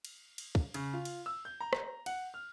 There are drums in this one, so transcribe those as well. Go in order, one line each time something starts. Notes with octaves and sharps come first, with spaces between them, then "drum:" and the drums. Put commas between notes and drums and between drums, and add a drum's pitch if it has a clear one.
drum: cymbal
drum: cymbal
drum: kick
C#3, drum: cymbal
F4
drum: cymbal
E6
G6
A#5
drum: rim click
F#5, drum: cymbal
F6